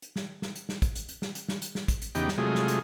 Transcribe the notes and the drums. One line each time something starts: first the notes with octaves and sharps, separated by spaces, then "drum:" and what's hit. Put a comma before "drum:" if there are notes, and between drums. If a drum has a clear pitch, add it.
drum: hi-hat
drum: snare
drum: snare
drum: hi-hat
drum: snare
drum: kick, hi-hat
drum: hi-hat
drum: hi-hat
drum: snare
drum: hi-hat
drum: snare
drum: hi-hat
drum: snare
drum: kick, hi-hat
drum: hi-hat
E2 C#3 B3 D#4 G4 G5, drum: hi-hat
drum: snare
C3 F#3 G#3 A3 F4 G#4
drum: snare
drum: hi-hat